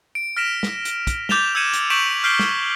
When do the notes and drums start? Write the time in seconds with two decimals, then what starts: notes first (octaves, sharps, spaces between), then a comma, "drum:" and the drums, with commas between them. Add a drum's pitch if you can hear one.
0.15 D7
0.37 F6 A#6 B6 D7 E7 F7
0.63 drum: snare
0.85 drum: hi-hat
1.07 drum: kick, hi-hat
1.29 D6 G6 A6 E7 F7 G7, drum: snare
1.55 E6 G6 G#6 C#7 D#7 E7
1.73 drum: hi-hat
1.90 C#6 G6 B6 D7 E7 F#7
2.24 F6 G6 B6 C7 D7 G7
2.39 drum: snare